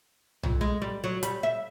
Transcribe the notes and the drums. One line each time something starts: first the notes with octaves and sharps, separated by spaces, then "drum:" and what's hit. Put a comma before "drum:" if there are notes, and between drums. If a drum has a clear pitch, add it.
F2, drum: tom
G#3
G3
F#3
G3, drum: hi-hat
E5